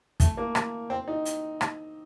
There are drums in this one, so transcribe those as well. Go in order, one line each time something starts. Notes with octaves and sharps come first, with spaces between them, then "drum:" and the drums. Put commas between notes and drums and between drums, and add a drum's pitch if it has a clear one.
A3, drum: kick, hi-hat
A#3
drum: rim click
C4
D#4
drum: hi-hat
drum: rim click